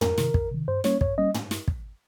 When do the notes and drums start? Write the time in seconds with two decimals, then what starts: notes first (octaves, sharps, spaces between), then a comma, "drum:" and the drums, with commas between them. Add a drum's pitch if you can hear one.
0.01 F2 A#4, drum: tom
0.18 C3 D#3, drum: snare
0.34 F2, drum: kick
0.52 C3 D#3
0.68 G2 C5
0.84 G3 A#3 C#4 C#5, drum: snare
1.01 G2 C#5, drum: kick
1.18 G3 A#3 C#4 D#5
1.34 drum: tom
1.51 drum: snare
1.68 drum: kick